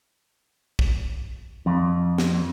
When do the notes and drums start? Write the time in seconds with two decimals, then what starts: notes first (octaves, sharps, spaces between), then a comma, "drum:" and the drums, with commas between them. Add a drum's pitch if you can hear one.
0.79 drum: kick
1.66 F2
2.18 drum: snare